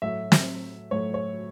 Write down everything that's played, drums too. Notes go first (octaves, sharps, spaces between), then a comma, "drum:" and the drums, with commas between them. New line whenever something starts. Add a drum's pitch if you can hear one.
A2 F#3 A3 E5
drum: snare
A2 F#3 A3 C#5
C#5